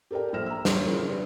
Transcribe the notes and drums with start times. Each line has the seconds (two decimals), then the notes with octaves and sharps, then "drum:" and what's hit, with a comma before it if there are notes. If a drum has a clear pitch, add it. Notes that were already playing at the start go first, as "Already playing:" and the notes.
0.11 G4 A4 A#4 D5 G5
0.33 A#1 A4 C5 F6 A#6 E7
0.46 A#5 E6
0.65 D#2 C#5 C6, drum: snare
0.84 C#3 F3 E4 G#4 A#4 C5
1.05 D4 B4